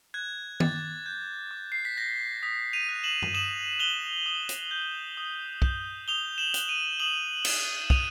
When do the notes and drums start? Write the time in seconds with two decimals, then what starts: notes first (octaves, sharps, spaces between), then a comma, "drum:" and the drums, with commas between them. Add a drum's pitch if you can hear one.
0.14 F#6 G#6
0.60 D6 A6, drum: tom D#3
1.06 G6
1.51 D6
1.72 C7
1.85 B6
1.97 G6 A#6
2.43 D#6 B6
2.73 D#7 F7
2.89 F#6
3.03 E7 F#7
3.22 drum: tom
3.34 D#6 E7 F#7
3.79 F#6 F7 G7
4.26 D#6
4.49 drum: hi-hat
4.71 G6
5.17 D#6
5.62 G6, drum: kick
6.08 D#6 F7 G7
6.38 E7 F#7
6.54 F#6, drum: hi-hat
6.68 D#7 F7
7.00 D#6 E7 F#7
7.45 F#6 E7 F#7, drum: cymbal
7.90 D#6 D#7 F7, drum: kick